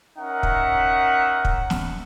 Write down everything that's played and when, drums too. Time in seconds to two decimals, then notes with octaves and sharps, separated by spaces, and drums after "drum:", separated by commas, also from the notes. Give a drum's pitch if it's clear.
0.18 C#4 D#4 A#4 E5 F#5
0.43 drum: kick
1.45 drum: kick
1.70 drum: snare